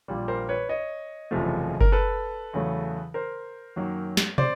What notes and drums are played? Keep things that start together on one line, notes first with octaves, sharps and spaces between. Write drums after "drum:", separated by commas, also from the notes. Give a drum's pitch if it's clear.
A#1 A#2 G3
A#4 C5
B4 C#5
C#5 D#5
F#1 E2 C3 F3 A3
A#4, drum: kick F#1
A4 B4
E2 C#3 F#3 A3
A#4 C5
F#2 D#3 F#3 A#3
drum: snare
C5 D5, drum: tom